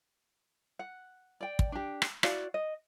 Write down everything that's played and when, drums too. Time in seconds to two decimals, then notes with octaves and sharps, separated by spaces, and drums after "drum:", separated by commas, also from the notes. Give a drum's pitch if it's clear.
0.79 F#5
1.41 D5 G5
1.59 drum: kick
1.72 D4 G4
2.02 drum: rim click
2.23 E4 F#4 D5 F5, drum: rim click
2.54 D#5